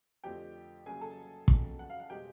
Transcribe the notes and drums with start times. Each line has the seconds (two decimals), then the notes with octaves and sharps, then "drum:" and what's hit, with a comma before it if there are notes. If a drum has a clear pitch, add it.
0.24 F2 D3 F3 A3 C4 G4 G5
0.86 C#3 F#3 A#3 G#4 G#5
1.01 A4 A5
1.48 F2 C#3 F#3, drum: kick
1.79 F#5
1.90 F5
2.00 F#5
2.10 B2 G#3 C4 G4 G5